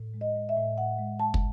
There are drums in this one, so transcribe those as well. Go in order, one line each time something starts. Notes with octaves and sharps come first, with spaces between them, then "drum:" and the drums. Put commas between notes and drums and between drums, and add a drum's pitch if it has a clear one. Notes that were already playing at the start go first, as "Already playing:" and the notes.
Already playing: A2
G#3
D#5
G#3
E5
A2
A2 F#5
G#3
G#3 A5
drum: kick